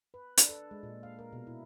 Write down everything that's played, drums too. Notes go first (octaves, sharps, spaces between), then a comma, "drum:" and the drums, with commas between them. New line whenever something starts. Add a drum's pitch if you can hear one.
B4
D4, drum: hi-hat
A4
G#3
A#2
F5
A#4
B2
E4